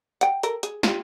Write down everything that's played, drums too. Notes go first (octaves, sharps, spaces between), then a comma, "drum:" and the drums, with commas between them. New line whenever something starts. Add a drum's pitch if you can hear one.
F#5 G5, drum: hi-hat
A4 A#4, drum: hi-hat
G#4, drum: hi-hat
F4 G4, drum: snare